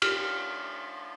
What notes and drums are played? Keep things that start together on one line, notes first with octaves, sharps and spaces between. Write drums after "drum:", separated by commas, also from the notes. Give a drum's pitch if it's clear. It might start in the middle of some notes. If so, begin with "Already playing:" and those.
F6, drum: cymbal